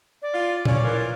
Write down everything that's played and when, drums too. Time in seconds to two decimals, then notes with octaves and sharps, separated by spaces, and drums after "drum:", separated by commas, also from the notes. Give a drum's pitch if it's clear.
0.22 D5
0.34 F4
0.65 C#4 D5, drum: tom A#2
0.84 E3 F4 A#4